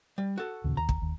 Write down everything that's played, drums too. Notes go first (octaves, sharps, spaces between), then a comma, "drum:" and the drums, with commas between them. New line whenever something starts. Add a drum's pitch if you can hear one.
G3
F#4 A4
D#2 A#2 C#3
D#2 A#5
drum: kick
D#2